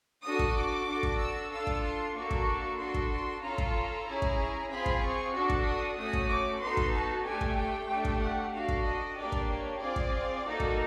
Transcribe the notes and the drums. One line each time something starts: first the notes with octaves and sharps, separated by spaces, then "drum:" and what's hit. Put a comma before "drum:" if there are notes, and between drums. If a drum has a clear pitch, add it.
D4 F#4 A4 D#6
drum: kick
D6
D4 F#4 A4
drum: kick
E6
D4 F4 A4 E6
drum: kick
C6
A#3 D4 F#4 A4 C#6
drum: kick
D4 F#4 A4 C6
drum: kick
C6
C#4 F4 A4 A#5
drum: kick
A#5
C#4 E4 G#4
drum: kick
C4 F4 G#4 B5
drum: kick
C#6
D4 F#4 A4
drum: kick
D#6
A3 C#4 F#4 D#6
drum: kick
D6
B3 D#4 F#4 A4 C6
drum: kick
A5
A3 D4 G4 G#5
drum: kick
G5
A3 D4 G4
drum: kick
F#5
D4 F#4 A4 F5
drum: kick
D#5
A#3 D4 G4 D5
drum: kick
C#5
C4 F4 G#4 D5
drum: kick
A#3 D#4 F#4 A4
drum: kick